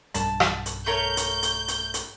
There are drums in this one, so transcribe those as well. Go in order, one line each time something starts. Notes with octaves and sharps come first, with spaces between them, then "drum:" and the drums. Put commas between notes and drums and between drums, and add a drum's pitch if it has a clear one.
B1 G2 G3 A5, drum: hi-hat
drum: rim click
drum: hi-hat
A3 A#4 C#5 G6
drum: hi-hat
drum: hi-hat
drum: hi-hat
drum: hi-hat